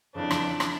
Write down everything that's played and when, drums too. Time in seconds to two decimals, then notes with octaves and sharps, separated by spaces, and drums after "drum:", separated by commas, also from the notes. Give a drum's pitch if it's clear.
0.16 F2 C#3 E3 D4
0.31 drum: rim click
0.60 drum: rim click